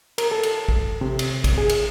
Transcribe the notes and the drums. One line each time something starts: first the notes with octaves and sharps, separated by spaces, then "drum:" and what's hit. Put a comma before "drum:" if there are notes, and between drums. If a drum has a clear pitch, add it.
A#4, drum: cymbal
A4
drum: cymbal
drum: kick
C3
drum: cymbal
drum: kick, cymbal
G#4
drum: cymbal